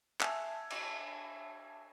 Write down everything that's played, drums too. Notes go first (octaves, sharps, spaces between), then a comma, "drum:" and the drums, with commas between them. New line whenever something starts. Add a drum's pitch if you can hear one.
E5 G#5 A5 E6 G#6, drum: clap
drum: cymbal